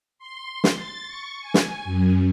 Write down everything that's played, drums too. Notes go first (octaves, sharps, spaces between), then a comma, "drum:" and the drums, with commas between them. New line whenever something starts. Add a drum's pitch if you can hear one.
C6
drum: snare
A6
C#6
G#5
drum: snare
F#2